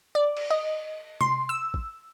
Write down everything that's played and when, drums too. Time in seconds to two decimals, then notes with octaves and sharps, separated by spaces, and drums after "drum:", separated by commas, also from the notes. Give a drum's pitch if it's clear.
0.15 D5
0.37 drum: cymbal
0.51 D#5
1.21 C6, drum: tom C3
1.49 E6
1.74 drum: kick